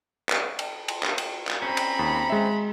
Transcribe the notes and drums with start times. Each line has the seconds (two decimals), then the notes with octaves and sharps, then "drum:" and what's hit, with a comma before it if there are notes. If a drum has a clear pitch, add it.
0.29 drum: clap
0.59 drum: cymbal
0.88 drum: cymbal
1.03 drum: clap
1.18 drum: cymbal
1.47 drum: clap
1.62 C4 C#4 A#5 B5
1.77 drum: cymbal
1.99 D#2
2.30 G#3 E5